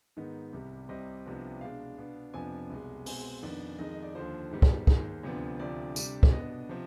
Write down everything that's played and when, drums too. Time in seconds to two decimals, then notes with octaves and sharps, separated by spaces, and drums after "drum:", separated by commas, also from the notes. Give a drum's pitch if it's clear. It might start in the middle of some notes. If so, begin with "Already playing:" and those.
0.17 G#2 D#3 B3
0.53 C2 C3 G3
0.89 C2 C3 G3 C4 D#5
1.25 C2 C3 F3 B3 D4
1.61 B2 G#3 D4 F5
1.98 B2 B3 D4
2.33 F2 C3 F3 B3 D4 G#5
2.70 C2 B2 G#3
3.06 B2 G#3 C4 G#5, drum: open hi-hat
3.42 F2 D#3 B3 D4
3.78 F2 D#3 G#3 D#5
3.91 D#5
4.03 D5
4.15 D#2 D3 F3 C5
4.51 G#2 D#3 G3 B3
4.62 drum: kick
4.87 D#2 D#3 G#3, drum: kick
5.23 D2 C3 F3 B3 D4
5.60 D2 C3 F3 D5
5.96 C3 G3 D4, drum: tambourine
6.23 drum: kick
6.32 B2 B3 D4 D#5
6.69 C3 F3